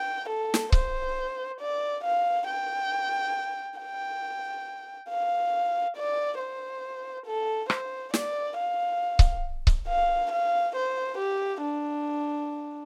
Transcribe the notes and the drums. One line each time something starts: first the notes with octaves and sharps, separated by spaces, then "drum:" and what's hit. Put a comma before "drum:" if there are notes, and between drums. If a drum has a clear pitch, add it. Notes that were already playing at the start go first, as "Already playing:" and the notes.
Already playing: G5
A4
drum: snare
C5, drum: kick C#1
D5
F5
G5
G5
F5
D5
C5
A4
C5, drum: rim click
D5, drum: snare
F5
drum: kick C#1
drum: kick C#1
F5
F5
C5
G4
D4